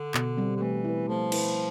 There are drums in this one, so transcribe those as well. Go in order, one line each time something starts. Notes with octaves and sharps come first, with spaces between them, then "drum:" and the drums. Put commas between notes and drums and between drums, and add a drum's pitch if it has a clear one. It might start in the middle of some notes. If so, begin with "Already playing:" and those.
Already playing: D3
B2, drum: clap
G3 C4
D3
E3 A3
E4 B4
F3 A3
E4 B4, drum: cymbal